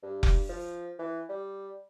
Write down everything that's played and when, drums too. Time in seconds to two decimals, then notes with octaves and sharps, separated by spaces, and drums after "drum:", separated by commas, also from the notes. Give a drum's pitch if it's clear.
0.03 G2
0.23 drum: kick F1
0.49 F3
0.99 E3
1.29 G3